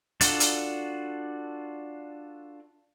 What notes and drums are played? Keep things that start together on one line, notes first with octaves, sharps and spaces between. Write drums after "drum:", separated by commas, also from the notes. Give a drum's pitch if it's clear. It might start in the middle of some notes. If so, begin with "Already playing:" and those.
D4 F4 F#4 A4 D5, drum: hi-hat
drum: hi-hat